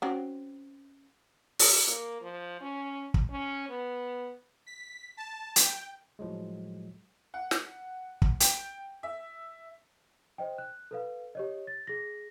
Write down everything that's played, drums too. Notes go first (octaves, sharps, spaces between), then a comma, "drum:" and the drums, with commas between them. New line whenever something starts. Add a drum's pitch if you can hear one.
C4 C#4 F#4
drum: open hi-hat
A#3
F3
C#4
drum: kick
C#4
B3
B6
A5
G5, drum: hi-hat
A2 F3 F#3 G#3
F#5
drum: snare
drum: kick
G5, drum: hi-hat
E5
C5 D#5 G5
F#6
A4 B4 F5
G4 C#5 D#5
A6
G#4 A#6